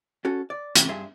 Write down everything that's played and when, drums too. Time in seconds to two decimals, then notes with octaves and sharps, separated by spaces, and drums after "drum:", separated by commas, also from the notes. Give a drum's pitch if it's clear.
0.25 C#4 F#4 A4
0.50 D5
0.75 A2 C3 E3 F3, drum: hi-hat
0.88 G2 G#4 E5 C6